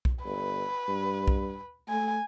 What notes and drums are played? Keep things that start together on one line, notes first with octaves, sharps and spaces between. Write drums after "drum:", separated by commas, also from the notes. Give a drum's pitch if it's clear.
drum: kick B1
G1 B4
G2
drum: kick B1
A3 G#5